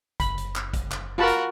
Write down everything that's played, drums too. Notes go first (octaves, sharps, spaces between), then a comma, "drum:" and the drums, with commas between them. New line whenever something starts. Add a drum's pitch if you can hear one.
F#1 B5, drum: kick A#1, hi-hat
drum: hi-hat
drum: clap
drum: kick A#1, hi-hat
drum: clap
F4 F#4 A#4 A5 B5
drum: hi-hat